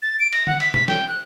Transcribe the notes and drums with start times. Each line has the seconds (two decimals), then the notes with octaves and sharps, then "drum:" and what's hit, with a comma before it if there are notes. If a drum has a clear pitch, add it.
0.02 A6
0.19 D7
0.33 A#6, drum: cymbal
0.47 F#5, drum: tom
0.60 B6, drum: cymbal
0.74 B6, drum: tom B2
0.88 G5, drum: snare
1.08 F#6